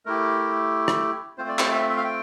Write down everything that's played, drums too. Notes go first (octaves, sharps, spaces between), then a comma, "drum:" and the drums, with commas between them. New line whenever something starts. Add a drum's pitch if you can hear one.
A3 E4 G4 A#4
drum: rim click
A3 C4 F4 C5
D5
C5, drum: clap
E5
E5
F5
G5